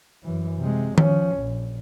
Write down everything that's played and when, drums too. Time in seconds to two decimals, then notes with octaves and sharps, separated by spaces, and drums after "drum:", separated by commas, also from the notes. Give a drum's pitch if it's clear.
0.23 F#2 E3
0.59 C3 G#3
0.98 F3 C#4, drum: tom D#3
1.36 A#1